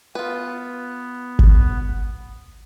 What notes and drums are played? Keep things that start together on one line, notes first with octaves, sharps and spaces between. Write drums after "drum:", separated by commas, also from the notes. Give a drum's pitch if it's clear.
B3 F4 B4
drum: kick G#1